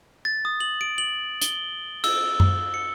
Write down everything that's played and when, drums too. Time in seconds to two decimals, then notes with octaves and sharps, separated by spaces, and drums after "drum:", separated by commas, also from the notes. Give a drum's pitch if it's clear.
0.25 A6
0.45 D#6
0.60 F#7
0.81 D7
0.98 F#7
1.41 G7, drum: hi-hat
2.04 E6, drum: cymbal
2.40 drum: tom F#2
2.74 C#7